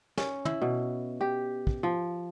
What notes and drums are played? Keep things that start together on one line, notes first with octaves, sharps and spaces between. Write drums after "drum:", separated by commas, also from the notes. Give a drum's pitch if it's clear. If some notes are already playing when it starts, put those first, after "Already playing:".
C#4, drum: snare
E4, drum: tom
B2
G4
drum: kick
F3